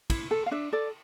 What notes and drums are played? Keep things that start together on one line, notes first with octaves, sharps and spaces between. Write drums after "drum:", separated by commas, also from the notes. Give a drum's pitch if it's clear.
E4, drum: kick, cymbal
A4
F5
D4 E5
A4 D5